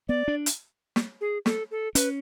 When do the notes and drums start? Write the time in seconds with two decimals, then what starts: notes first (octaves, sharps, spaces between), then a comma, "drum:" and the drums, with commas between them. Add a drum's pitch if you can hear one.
0.09 B3 D5
0.28 D4
0.46 drum: hi-hat
0.96 drum: snare
1.21 G#4
1.46 A4, drum: snare
1.71 A4
1.95 C#4 B4, drum: hi-hat